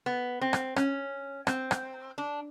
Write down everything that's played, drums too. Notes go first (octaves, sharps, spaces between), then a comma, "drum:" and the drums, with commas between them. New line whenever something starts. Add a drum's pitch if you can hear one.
B3
C4
drum: rim click
C#4, drum: rim click
C4, drum: rim click
drum: rim click
D4